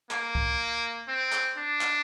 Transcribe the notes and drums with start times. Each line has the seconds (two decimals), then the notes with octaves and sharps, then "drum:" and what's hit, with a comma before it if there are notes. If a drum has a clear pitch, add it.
0.11 A#3, drum: clap
0.35 drum: kick C2
1.08 C4
1.32 drum: clap
1.57 D4
1.81 drum: clap